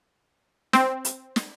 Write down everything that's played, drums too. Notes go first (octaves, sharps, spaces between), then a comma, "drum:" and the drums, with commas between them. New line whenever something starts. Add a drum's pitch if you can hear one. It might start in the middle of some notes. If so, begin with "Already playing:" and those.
C4, drum: snare
drum: hi-hat
drum: snare